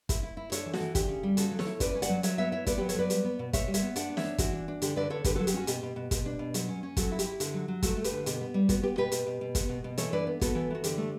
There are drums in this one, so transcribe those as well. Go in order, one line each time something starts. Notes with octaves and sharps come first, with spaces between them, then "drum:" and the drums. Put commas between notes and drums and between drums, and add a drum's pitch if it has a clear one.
E4, drum: kick, hi-hat
E4
E4
D4 A4 C#5, drum: hi-hat
E3
F#4 A4, drum: snare
E3
D4 G4, drum: kick, hi-hat
C#3
G3
C#3 F#4 A4, drum: hi-hat
F#3
A4 C#5, drum: snare
E4
C#3 B4 D5, drum: kick, hi-hat
C#4
D5 F#5, drum: hi-hat
F#3
F#3 C#5 E5, drum: hi-hat
B3 C#5 E5
E4 C#5 E5
B3 B4 D5, drum: kick, hi-hat
F#3 G4 B4
A4 C#5, drum: hi-hat
F#3 B4 D5
G3, drum: hi-hat
B3
B2
B2 C#5 E5, drum: kick, hi-hat
G3
C#5 E5, drum: hi-hat
B3
D4 D5 F#5, drum: hi-hat
B3
C#5 E5, drum: snare
D4
E3 F#4, drum: kick, hi-hat
D4
D4
D3 G4, drum: hi-hat
D3 B4 D5
D3 A4 C#5
D3 G4 B4, drum: kick, hi-hat
F#3 F#4 A4
G4, drum: hi-hat
C#4 F#4
B2 G4, drum: hi-hat
B2
B2
B2, drum: kick, hi-hat
D4
B2
F#3, drum: hi-hat
C#4
C#4
F#3 F#4 A4, drum: kick, hi-hat
E4
G4, drum: hi-hat
E4
D3, drum: hi-hat
F#3
F#3
A3 F#4 A4, drum: kick, hi-hat
A3
G4 B4, drum: hi-hat
D3
B2 G4, drum: hi-hat
B3
G3
B3 F#4, drum: kick, hi-hat
B3 G4
B2 G4 B4
B2, drum: hi-hat
B2
B2
B3, drum: kick, hi-hat
B2
B2
E3 A4 C#5, drum: hi-hat
D4 B4 D5
B3
B3 F#4 A4, drum: kick, hi-hat
E3
E3 F#4
D3 G4, drum: hi-hat
A3